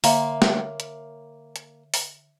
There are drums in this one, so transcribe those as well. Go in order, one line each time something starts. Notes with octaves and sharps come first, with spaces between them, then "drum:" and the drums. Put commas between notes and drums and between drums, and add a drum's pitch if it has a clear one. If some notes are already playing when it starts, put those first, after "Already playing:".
D3 A#3 C#5 E5, drum: open hi-hat
drum: snare
drum: hi-hat
drum: hi-hat
drum: open hi-hat